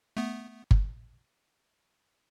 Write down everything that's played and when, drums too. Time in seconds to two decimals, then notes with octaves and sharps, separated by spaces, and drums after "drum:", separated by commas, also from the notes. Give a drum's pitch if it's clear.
0.17 A3 B3
0.71 drum: kick G1